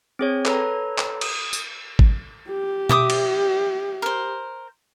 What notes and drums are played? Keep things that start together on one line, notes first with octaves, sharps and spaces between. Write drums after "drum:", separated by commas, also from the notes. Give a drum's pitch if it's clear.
C4 G#4 C#5
A4 B4 C#5 A#5, drum: clap
drum: clap
D#6, drum: cymbal
drum: tambourine
drum: kick G#1
G4
E5 D6 D#6, drum: tom B2
drum: cymbal
A#4 C5